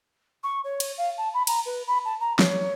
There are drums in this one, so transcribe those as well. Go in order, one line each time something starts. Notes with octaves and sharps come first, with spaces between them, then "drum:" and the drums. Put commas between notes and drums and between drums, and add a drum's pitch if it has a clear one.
C#6
C#5
drum: cymbal
F5
A5
B5
A#5, drum: cymbal
B4
B5
A5
A#5
C#5, drum: snare